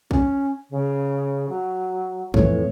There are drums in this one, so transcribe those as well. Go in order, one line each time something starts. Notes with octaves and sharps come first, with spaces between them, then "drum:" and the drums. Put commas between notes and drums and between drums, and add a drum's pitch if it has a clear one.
C#4, drum: kick B1
C#3
F#3
F2 A2 E3 C#5, drum: kick B1